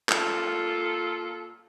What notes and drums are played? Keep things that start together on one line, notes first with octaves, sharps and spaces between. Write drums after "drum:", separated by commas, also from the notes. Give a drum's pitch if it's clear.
A#2 F4 A4, drum: clap